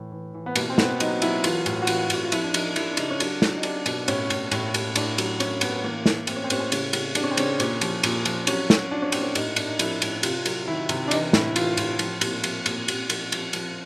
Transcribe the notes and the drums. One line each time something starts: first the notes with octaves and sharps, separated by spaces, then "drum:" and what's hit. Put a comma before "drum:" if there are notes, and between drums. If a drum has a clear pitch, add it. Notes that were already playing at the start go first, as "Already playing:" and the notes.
Already playing: A2 E3
E3
E3
B3
B2 A#3, drum: cymbal
C4
B2 B3, drum: snare
F#3 D#4, drum: cymbal
F#3 E4, drum: cymbal
E3 F4, drum: cymbal
A2, drum: cymbal
F#4
E3 F4, drum: cymbal
A2 F#4, drum: cymbal
F4
F3 E4, drum: cymbal
D4
F3 D#4, drum: cymbal
F3 E4, drum: cymbal
D4
C#3 D#4, drum: cymbal
C#4
F#3 D4, drum: cymbal
F#3, drum: snare
D#4
F#3 D4, drum: cymbal
B2, drum: cymbal
A2 C#4, drum: cymbal
A2, drum: cymbal
A2, drum: cymbal
A2, drum: cymbal
A2 D4, drum: cymbal
F#3, drum: cymbal
F#3 C#4, drum: cymbal
A2 B3, drum: cymbal
E3 A#3
E3, drum: snare
A2 C4, drum: cymbal
C#4
C4
A2 C#4, drum: cymbal
C4
C#3 C#4, drum: cymbal
C#3, drum: cymbal
C#3 D4, drum: cymbal
C#4
C4
C#3 C#4, drum: cymbal
A#2 C#4, drum: cymbal
F3, drum: cymbal
A#2, drum: cymbal
F3, drum: cymbal
F#3 C#4, drum: cymbal
F#3, drum: snare
F#3 D4
C#4
A#2 C4, drum: cymbal
C#4
A2 D#4, drum: cymbal
A2 D4, drum: cymbal
D#4
F3 E4, drum: cymbal
A2, drum: cymbal
C3 F4, drum: cymbal
F#3, drum: cymbal
D#3 E4
C3, drum: cymbal
D4
E3 D#4, drum: cymbal
A2 E4, drum: snare
E3 F4, drum: cymbal
A2 F4, drum: cymbal
F3, drum: cymbal
A#2, drum: cymbal
F3, drum: cymbal
A#2, drum: cymbal
A#2, drum: cymbal
F3, drum: cymbal
F3, drum: cymbal
F3, drum: cymbal